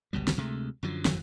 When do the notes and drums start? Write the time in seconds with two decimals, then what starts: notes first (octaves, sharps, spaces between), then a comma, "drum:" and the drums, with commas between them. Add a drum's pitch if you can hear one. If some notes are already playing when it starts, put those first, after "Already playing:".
0.13 G1 C#2 B2 G3
0.28 drum: snare
0.37 D2 C3 G#3 A3
0.83 F#2 D3 F3 F#3
1.05 G#1 F2 E3 F#3, drum: snare